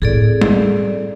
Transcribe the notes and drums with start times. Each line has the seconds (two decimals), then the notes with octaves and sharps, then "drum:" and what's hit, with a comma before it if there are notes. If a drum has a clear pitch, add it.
0.02 A2 C4 G#4 A4 D5
0.42 drum: tom G3